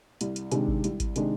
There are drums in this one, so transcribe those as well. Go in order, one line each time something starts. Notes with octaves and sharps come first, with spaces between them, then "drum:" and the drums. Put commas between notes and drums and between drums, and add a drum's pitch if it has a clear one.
C2, drum: hi-hat
drum: hi-hat
C3 D#3 G#3 D4, drum: hi-hat
drum: kick G#1
C2, drum: hi-hat
drum: kick G#1, hi-hat
C3 D#3 G#3 D4, drum: hi-hat